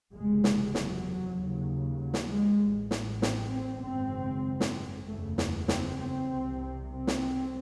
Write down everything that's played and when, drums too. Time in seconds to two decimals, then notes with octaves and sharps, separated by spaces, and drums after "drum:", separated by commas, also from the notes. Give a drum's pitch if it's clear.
0.13 F#1 E2 C3 G#3
0.44 drum: snare
0.75 F#3, drum: snare
1.36 D#2 C#3
1.99 F#3
2.14 drum: snare
2.29 G#3
2.59 A1 A2
2.91 drum: snare
3.22 C4, drum: snare
3.52 C4
3.83 G#1 F#2 C#3 C4
4.60 drum: snare
5.06 F#1 E2 C#3 A3
5.38 A3, drum: snare
5.68 C4, drum: snare
5.99 C4
6.31 C2 C3
6.91 C4
7.07 drum: snare